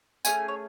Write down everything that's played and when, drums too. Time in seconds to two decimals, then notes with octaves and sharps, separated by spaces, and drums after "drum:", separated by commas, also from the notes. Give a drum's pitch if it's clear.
0.25 A3 C#4 G#4 G#5, drum: tambourine
0.48 C#5